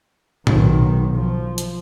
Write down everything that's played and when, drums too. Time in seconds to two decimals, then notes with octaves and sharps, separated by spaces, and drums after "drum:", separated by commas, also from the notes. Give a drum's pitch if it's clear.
0.47 B1 D#3, drum: tom A2
1.15 F3
1.58 drum: hi-hat